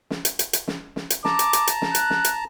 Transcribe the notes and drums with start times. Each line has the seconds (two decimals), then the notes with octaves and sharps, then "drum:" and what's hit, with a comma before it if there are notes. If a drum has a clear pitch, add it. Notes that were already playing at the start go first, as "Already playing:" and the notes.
0.10 drum: snare
0.25 drum: hi-hat
0.39 drum: hi-hat
0.53 drum: hi-hat
0.68 drum: snare
0.96 drum: snare
1.10 drum: hi-hat
1.25 A5 A#5 D6, drum: snare
1.39 drum: hi-hat
1.53 drum: hi-hat
1.67 drum: hi-hat
1.82 drum: snare
1.95 F#6, drum: hi-hat
2.10 drum: snare
2.24 drum: hi-hat